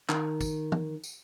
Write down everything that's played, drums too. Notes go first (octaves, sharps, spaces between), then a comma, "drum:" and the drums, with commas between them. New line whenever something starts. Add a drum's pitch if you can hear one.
D#3, drum: clap
drum: kick, tambourine
drum: tom
drum: tambourine